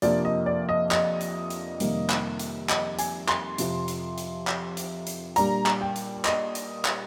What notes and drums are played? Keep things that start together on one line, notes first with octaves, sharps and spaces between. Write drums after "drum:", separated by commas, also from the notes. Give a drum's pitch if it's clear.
F2 C3 F3 A#3 D4 D5, drum: hi-hat
D#5
D5
D#5
D#5, drum: clap
drum: hi-hat
drum: hi-hat
F2 C3 D#3 G3 A#3, drum: hi-hat
drum: clap
drum: hi-hat
D#5, drum: clap
G#5, drum: hi-hat
C6, drum: clap
F2 C3 F3, drum: hi-hat
drum: hi-hat
drum: hi-hat
drum: clap
drum: hi-hat
drum: hi-hat
A#2 G3 D4 A#5, drum: hi-hat
drum: clap
G5
drum: hi-hat
D#5, drum: clap
drum: hi-hat
drum: clap